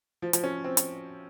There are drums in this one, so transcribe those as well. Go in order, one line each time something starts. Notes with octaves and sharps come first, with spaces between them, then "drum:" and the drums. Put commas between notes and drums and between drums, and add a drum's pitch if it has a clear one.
F3
F3, drum: hi-hat
C#4
C4
drum: hi-hat